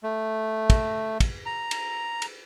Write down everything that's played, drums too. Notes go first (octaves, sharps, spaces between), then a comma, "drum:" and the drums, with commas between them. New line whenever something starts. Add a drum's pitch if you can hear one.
A3
drum: kick, cymbal
drum: kick, cymbal
A#5
drum: cymbal
drum: cymbal